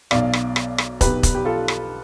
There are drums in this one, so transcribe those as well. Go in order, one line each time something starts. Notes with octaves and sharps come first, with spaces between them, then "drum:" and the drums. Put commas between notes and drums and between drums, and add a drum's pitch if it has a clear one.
B1 B2 D5 F5, drum: rim click
drum: rim click
drum: rim click
drum: rim click
B1 B2 G4 B4, drum: kick, hi-hat
drum: kick, hi-hat
G4
F4 A4
drum: rim click